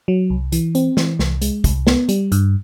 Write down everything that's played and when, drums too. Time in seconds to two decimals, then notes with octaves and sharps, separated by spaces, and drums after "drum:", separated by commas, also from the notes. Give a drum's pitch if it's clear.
0.08 F#3
0.30 C2
0.52 E3, drum: hi-hat
0.75 C4, drum: hi-hat
0.97 E3, drum: snare
1.19 C2, drum: snare
1.42 G#3, drum: hi-hat
1.64 C2, drum: kick, hi-hat
1.87 B3, drum: snare
2.09 G3, drum: hi-hat
2.32 G2, drum: hi-hat